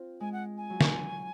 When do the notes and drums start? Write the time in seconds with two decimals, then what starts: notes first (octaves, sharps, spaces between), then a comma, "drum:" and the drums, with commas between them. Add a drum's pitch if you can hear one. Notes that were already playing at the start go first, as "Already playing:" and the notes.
Already playing: C4 F4
0.20 G#3 G#5
0.32 F#5
0.57 G#5
0.70 F#3
0.81 drum: snare